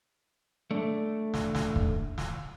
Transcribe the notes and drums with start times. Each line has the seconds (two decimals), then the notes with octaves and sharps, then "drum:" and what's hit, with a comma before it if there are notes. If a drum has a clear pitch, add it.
0.71 A3 D4
1.34 drum: snare
1.55 drum: snare
1.76 drum: kick
2.18 drum: snare